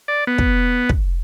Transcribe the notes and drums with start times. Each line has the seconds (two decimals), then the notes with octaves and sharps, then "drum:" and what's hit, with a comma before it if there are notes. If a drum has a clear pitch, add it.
0.08 D5
0.27 B3
0.38 drum: kick
0.89 drum: kick